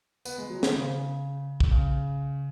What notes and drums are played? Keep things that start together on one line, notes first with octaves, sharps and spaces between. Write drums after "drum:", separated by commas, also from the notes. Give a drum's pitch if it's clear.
B3, drum: tambourine
G#3
F#3
D#3, drum: snare
C#3
drum: kick
C#3